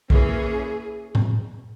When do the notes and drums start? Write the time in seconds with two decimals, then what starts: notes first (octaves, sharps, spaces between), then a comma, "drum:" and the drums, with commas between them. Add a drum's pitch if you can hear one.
0.10 E3 A#3 C#4 G#4, drum: kick B1
1.15 drum: tom A2